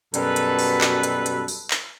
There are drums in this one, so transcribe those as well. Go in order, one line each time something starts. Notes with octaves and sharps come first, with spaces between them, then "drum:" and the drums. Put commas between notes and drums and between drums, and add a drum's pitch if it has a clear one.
F#2 B2 G3 A4 B4, drum: hi-hat
drum: hi-hat
drum: open hi-hat
drum: clap
drum: hi-hat
drum: hi-hat
drum: open hi-hat
drum: clap